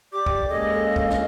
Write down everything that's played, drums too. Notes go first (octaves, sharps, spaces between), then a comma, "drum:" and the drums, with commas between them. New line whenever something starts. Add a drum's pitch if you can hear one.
G4 D5 D6
drum: kick
G#3 A#3 C#4 G#4 A4 D#5
F5
drum: kick
drum: snare